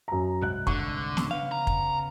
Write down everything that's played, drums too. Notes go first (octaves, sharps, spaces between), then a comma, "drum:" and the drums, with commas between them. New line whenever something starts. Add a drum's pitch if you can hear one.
F#2 A#5
C2 G#2 F#6
D3 C#6, drum: kick
drum: snare
C#3 B3 F5
A#5
drum: kick